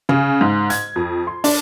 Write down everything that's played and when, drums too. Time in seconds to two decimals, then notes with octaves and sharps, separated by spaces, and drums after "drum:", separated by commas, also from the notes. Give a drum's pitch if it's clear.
0.09 C#3, drum: tom
0.41 G#2
0.70 G#6, drum: hi-hat
0.96 F2
1.27 C6
1.44 D4, drum: open hi-hat